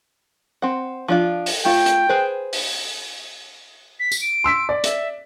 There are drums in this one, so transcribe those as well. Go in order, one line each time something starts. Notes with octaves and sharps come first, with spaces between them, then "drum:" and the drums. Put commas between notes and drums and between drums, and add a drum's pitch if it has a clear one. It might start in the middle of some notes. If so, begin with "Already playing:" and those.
C4 F#5
F3 D4 F4
drum: open hi-hat
A3 F4 G5
drum: hi-hat
G#4 B4 C5
drum: open hi-hat
B6
drum: tambourine
D7
C6 E6 B6
D5
E5, drum: hi-hat